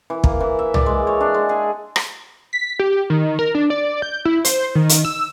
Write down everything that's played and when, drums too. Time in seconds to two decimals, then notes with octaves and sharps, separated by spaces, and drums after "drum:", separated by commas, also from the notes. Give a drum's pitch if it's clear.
0.10 E3
0.24 A#3, drum: kick
0.40 E3
0.59 E5
0.74 D5, drum: tom C2
0.86 G#3
1.07 C#5
1.21 D4
1.34 G#3
1.49 G#4
1.96 drum: rim click
2.53 B6
2.80 G4
3.10 D#3
3.39 A#4
3.55 D4
3.70 D5
4.02 G6
4.25 E4
4.45 C5, drum: hi-hat
4.75 D#3
4.89 drum: hi-hat
5.05 E6